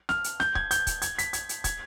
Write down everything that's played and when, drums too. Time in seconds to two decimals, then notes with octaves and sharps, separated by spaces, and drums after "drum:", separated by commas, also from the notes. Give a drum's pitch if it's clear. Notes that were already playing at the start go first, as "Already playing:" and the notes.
0.09 F6, drum: snare
0.24 drum: hi-hat
0.40 G6, drum: snare
0.55 G#6, drum: kick
0.71 G6, drum: hi-hat
0.87 drum: kick, hi-hat
1.02 G#6, drum: hi-hat
1.19 B6, drum: hi-hat
1.33 G#6, drum: hi-hat
1.49 drum: hi-hat
1.64 G#6, drum: kick, hi-hat